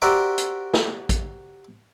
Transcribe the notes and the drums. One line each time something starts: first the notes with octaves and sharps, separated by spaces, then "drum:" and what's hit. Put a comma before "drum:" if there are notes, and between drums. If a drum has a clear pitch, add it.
F#4 G4 A#4 C5 D5 E5
drum: hi-hat
drum: snare
drum: kick A1, hi-hat